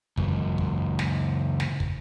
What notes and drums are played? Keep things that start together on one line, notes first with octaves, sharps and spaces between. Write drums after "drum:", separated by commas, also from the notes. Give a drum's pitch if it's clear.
C#2 F#2, drum: kick
drum: kick
drum: snare
drum: snare
drum: kick